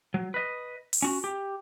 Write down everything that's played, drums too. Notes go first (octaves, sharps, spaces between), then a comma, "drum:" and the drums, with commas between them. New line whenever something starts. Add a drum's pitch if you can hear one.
F#3
B4 D#5
drum: open hi-hat
C#4 F#4
G4